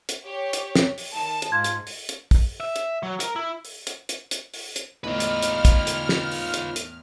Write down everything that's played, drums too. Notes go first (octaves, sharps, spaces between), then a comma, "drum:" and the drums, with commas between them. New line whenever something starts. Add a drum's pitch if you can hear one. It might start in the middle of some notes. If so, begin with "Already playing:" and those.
drum: hi-hat
G4 C#5
drum: hi-hat
drum: snare
drum: open hi-hat
D#3 A5
drum: hi-hat
G#2 F4 G#6
drum: hi-hat
drum: open hi-hat
drum: hi-hat
drum: kick, open hi-hat
E5
drum: hi-hat
F#3
A#4, drum: hi-hat
E4
drum: open hi-hat
drum: hi-hat
drum: hi-hat
drum: hi-hat
drum: open hi-hat
drum: hi-hat
E2 A2 D#4 F4 B4 F6
drum: hi-hat
drum: hi-hat
drum: kick, hi-hat
drum: hi-hat
drum: snare
drum: open hi-hat
drum: hi-hat
drum: hi-hat